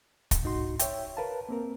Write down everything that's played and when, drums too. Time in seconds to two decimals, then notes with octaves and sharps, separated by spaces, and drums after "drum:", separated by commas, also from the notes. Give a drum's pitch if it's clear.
0.31 drum: kick, hi-hat
0.43 C2 G#2 D#4 F#4 C6
0.79 C#5 E5 G5, drum: hi-hat
1.17 A#4 B4 F5 A5
1.49 A#3 C4 A#4